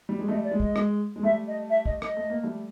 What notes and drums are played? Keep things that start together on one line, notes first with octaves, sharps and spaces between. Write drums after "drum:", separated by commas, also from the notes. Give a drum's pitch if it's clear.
G3
G#3
G3 A3 D#5
D5
G#3
D#5, drum: kick
G#3, drum: rim click
G#3
G3 A3 E5
D#5
E5
D#5, drum: kick
D#5, drum: rim click
A3
A#3
G3 A3